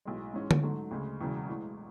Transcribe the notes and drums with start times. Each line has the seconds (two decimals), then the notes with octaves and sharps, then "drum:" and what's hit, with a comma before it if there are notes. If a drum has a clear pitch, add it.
0.05 B1 A2 G#3
0.33 G#2 E3 G#3 C#4
0.51 drum: tom D3
0.63 G#2 F#3 A3
0.91 D2 C#3 G#3
1.20 E1 E2 C#3 F#3
1.49 A1 A2 G#3